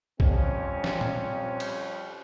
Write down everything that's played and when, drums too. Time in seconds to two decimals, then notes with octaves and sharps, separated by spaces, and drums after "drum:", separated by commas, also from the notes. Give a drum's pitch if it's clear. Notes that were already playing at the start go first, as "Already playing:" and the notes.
0.20 F2 G3 C4 C#4, drum: kick A#1
0.84 drum: snare
1.01 drum: tom A#2
1.60 drum: cymbal